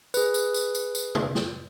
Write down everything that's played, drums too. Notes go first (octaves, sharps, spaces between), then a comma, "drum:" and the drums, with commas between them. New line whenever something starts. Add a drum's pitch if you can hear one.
G#4 B4, drum: tambourine
drum: tambourine
drum: tambourine
drum: tambourine
drum: tambourine
drum: tom
drum: snare